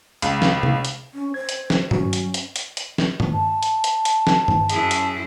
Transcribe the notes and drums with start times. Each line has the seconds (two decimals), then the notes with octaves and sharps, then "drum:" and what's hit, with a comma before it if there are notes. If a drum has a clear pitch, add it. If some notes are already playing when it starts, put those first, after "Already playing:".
0.22 C#2, drum: hi-hat
0.42 drum: snare
0.63 drum: tom C3
0.85 drum: hi-hat
1.14 C#4
1.34 C5 G#6
1.49 drum: hi-hat
1.70 drum: snare
1.91 F#3 C#4 F#4, drum: tom G2
2.13 drum: hi-hat
2.34 drum: hi-hat
2.56 drum: hi-hat
2.77 drum: hi-hat
2.98 drum: snare
3.20 drum: tom G2
3.33 A5
3.63 drum: hi-hat
3.84 drum: hi-hat
4.05 drum: hi-hat
4.27 drum: snare
4.48 drum: tom G2
4.69 F#2 E4 G#4, drum: hi-hat
4.91 drum: hi-hat